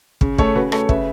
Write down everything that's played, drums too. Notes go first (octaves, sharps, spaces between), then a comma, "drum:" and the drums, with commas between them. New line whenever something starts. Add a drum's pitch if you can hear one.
C#3, drum: kick
A3 A4 C#5, drum: kick
C#3 F#4 B4
A3 A4 C#5, drum: rim click
C#3 B4 E5, drum: kick